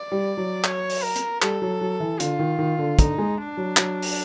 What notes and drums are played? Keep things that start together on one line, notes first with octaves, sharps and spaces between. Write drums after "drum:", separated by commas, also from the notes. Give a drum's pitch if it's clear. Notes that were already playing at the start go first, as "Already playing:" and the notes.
Already playing: D5
G3
F#3
C#5, drum: clap
drum: open hi-hat
A#4
drum: hi-hat
G3 A4, drum: clap
F#3
F#3
E3
D3 F4, drum: hi-hat
D#3
D#3
D3
D3 D#4, drum: kick, hi-hat
G#3
D4
F#3
F#3, drum: clap
drum: open hi-hat